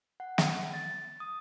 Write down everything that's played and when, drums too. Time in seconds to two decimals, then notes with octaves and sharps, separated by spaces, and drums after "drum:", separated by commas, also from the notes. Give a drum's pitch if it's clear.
0.20 F#5
0.38 drum: snare
0.74 A6
1.20 D#6